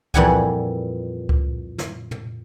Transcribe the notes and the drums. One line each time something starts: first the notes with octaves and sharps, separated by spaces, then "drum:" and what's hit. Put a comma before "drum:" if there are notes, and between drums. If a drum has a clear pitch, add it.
F2 A#2 E3 G3 F#5 G#5, drum: kick C#2
drum: kick C#2
drum: snare
drum: tom